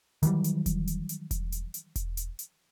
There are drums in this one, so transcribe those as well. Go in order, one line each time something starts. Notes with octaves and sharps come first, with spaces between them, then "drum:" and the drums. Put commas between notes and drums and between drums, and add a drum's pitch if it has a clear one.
D#3 E3 F#3 G3, drum: hi-hat
drum: hi-hat
drum: kick E1, hi-hat
drum: hi-hat
drum: hi-hat
drum: kick E1, hi-hat
drum: hi-hat
drum: hi-hat
drum: kick E1, hi-hat
drum: hi-hat
drum: hi-hat